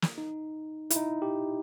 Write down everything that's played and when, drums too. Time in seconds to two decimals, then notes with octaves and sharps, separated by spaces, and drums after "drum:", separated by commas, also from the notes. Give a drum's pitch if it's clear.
0.02 drum: snare
0.18 D#4
0.90 E4, drum: hi-hat
0.96 D#4
1.22 G4